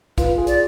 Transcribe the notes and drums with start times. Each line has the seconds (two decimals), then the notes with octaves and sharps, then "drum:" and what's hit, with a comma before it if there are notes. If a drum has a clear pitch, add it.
0.18 F4 B4, drum: kick, hi-hat
0.38 G#4
0.47 D5, drum: hi-hat